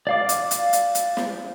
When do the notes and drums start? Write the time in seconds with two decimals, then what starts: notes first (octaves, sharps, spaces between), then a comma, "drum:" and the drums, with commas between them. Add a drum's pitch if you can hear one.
0.07 D5 F5 D6
0.29 drum: hi-hat
0.51 drum: hi-hat
0.73 drum: hi-hat
0.95 drum: hi-hat
1.17 drum: snare